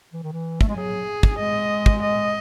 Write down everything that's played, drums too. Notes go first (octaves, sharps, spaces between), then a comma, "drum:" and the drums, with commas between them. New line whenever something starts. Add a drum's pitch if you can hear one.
E3
D#3
E3
A3, drum: kick
G#3
F#3 G#4
drum: kick
G#3 D#5
drum: kick
D#5